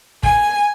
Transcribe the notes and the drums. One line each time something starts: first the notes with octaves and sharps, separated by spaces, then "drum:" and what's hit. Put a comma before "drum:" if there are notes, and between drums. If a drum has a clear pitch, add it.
G#5, drum: kick